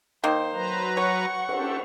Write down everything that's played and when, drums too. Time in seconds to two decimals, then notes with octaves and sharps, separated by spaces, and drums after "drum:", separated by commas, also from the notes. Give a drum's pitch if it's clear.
0.24 D#3 A#3 C5
0.54 F#3 B4 A#5
0.97 C#5 F#5 C#6
1.49 G4 A4, drum: cymbal